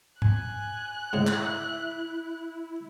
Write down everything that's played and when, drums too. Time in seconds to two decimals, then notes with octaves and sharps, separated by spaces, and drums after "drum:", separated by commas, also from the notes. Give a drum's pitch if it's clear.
0.22 G#5 F#6, drum: tom
1.13 G#2 C#3 E4
1.27 drum: clap